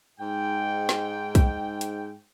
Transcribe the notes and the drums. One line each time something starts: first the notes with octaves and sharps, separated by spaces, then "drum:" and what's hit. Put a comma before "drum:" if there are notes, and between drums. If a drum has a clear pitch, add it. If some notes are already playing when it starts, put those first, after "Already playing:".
G#2 G5
drum: snare
drum: kick, hi-hat
drum: hi-hat